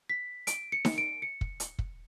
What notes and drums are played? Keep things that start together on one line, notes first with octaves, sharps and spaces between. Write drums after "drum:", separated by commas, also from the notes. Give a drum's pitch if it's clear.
B6
D7, drum: hi-hat
C#7
drum: snare D#4
D7
C#7
drum: kick
drum: hi-hat
drum: kick